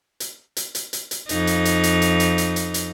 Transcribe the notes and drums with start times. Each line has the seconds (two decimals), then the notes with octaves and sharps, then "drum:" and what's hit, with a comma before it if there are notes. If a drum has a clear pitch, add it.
0.20 drum: hi-hat
0.57 drum: hi-hat
0.75 drum: hi-hat
0.93 drum: hi-hat
1.11 drum: hi-hat
1.29 F2 D#4, drum: hi-hat
1.47 drum: hi-hat
1.65 drum: hi-hat
1.83 drum: hi-hat
2.02 drum: hi-hat
2.20 drum: hi-hat
2.38 drum: hi-hat
2.56 drum: hi-hat
2.74 drum: hi-hat